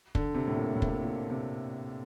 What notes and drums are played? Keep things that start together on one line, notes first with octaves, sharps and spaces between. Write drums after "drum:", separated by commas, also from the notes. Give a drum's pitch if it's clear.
D3, drum: kick
C3
A2
A#2
A2
A#2, drum: kick
A2
A#2
C3